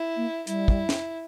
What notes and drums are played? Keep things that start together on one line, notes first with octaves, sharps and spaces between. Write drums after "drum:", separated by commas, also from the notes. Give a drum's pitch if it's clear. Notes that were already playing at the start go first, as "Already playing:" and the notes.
Already playing: E4
A#3
G3 E4, drum: hi-hat
drum: kick
drum: snare